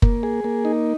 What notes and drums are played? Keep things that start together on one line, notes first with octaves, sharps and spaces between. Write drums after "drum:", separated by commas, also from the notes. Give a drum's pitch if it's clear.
A#3, drum: kick F#1
G#4
A#3
D#4